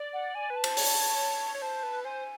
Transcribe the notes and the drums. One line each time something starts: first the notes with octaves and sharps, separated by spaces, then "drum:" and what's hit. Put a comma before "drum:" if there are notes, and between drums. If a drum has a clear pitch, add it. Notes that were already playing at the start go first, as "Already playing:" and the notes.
Already playing: D5
F#5
G#5
B4
A5
C5, drum: cymbal
C#5, drum: open hi-hat
C#5
C5 A5
B4
C5 G#5